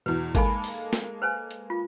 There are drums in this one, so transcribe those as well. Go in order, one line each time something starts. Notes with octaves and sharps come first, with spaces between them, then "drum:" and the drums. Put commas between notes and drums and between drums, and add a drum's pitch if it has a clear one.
E2 B2 B4
G#3 A#3 D#4 A4 G#5 B5, drum: kick G#1, hi-hat
drum: open hi-hat
drum: snare
B4 C5 G#5
drum: hi-hat
F4